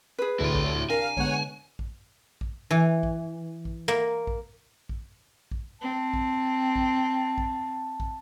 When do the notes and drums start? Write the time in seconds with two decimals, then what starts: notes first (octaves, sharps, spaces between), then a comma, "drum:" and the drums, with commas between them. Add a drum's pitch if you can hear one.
0.18 G#4 B4
0.40 D2 A2 C3 E4 C6
0.55 drum: kick
0.90 D4 A#4 F5 G#5
1.17 D3 G#3 B3 C#5 F#5, drum: kick
1.79 drum: kick
2.41 drum: kick
2.71 E3
3.03 drum: kick
3.65 drum: kick
3.88 A#3
4.27 drum: kick
4.89 drum: kick
5.51 drum: kick
5.81 C4 A5
6.14 drum: kick
6.76 drum: kick
7.38 drum: kick
8.00 drum: kick